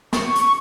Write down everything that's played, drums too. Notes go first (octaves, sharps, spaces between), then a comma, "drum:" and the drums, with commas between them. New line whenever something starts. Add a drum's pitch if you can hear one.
C#6, drum: snare
drum: hi-hat